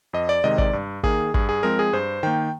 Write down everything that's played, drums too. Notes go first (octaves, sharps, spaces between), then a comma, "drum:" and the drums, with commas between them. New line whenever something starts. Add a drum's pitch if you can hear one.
F2 D#5
D5
C3 D#3 G#3 D#5
D5, drum: kick
G2
D#3 A#3 G#4, drum: kick
G2 G#4, drum: kick
G#4
F3 G#3 C4 A#4
G#4
G2 C5
D#3 A#3 G5